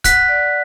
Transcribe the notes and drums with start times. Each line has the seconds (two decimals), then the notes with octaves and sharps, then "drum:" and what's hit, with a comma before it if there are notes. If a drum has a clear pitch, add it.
0.04 F#5 F#6 B6, drum: kick, hi-hat
0.29 D5